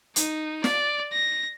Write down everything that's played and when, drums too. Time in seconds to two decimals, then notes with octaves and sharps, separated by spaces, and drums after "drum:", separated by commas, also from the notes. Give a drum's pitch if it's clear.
0.16 D#4, drum: hi-hat
0.64 D5, drum: snare
1.13 A#6